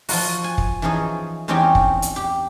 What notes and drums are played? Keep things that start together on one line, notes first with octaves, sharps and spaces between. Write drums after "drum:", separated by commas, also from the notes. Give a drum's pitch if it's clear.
F3 F4 F#4, drum: open hi-hat
G#5
drum: kick
E3 F3 C#4 D#4 G#4
E2 C4 C#4 D#4 G4 G5
drum: kick
drum: hi-hat
G4